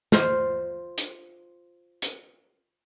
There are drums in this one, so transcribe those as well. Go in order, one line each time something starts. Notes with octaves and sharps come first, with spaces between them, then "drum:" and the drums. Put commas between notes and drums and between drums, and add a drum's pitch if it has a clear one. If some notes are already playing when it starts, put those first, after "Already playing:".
F4 C5 F5, drum: snare
drum: hi-hat
drum: hi-hat